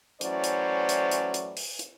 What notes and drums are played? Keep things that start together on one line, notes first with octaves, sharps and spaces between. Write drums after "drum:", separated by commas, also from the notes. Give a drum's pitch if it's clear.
A2 E3 F#3 C#4 C5 D5, drum: hi-hat
drum: hi-hat
drum: hi-hat
drum: hi-hat
drum: hi-hat
drum: open hi-hat
drum: hi-hat